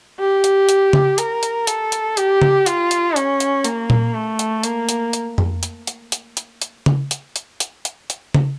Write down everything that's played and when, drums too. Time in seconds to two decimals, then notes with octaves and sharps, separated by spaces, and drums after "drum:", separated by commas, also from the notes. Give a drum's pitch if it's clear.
0.19 G4
0.44 drum: hi-hat
0.69 drum: hi-hat
0.93 drum: tom C#3
1.18 A#4, drum: hi-hat
1.43 drum: hi-hat
1.67 A4, drum: hi-hat
1.92 drum: hi-hat
2.17 G4, drum: hi-hat
2.42 drum: tom C#3
2.66 F4, drum: hi-hat
2.91 drum: hi-hat
3.16 C#4, drum: hi-hat
3.40 drum: hi-hat
3.64 A#3, drum: hi-hat
3.90 drum: tom A#2
4.14 A3
4.39 drum: hi-hat
4.63 A#3, drum: hi-hat
4.89 drum: hi-hat
5.13 drum: hi-hat
5.38 drum: tom F2
5.63 drum: hi-hat
5.87 drum: hi-hat
6.12 drum: hi-hat
6.37 drum: hi-hat
6.62 drum: hi-hat
6.86 drum: tom C#3
7.11 drum: hi-hat
7.36 drum: hi-hat
7.60 drum: hi-hat
7.85 drum: hi-hat
8.10 drum: hi-hat
8.34 drum: tom C#3